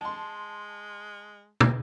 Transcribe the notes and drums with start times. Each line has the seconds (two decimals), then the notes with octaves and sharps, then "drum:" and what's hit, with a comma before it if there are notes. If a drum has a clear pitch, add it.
0.01 G#3 A5 C6
1.60 drum: tom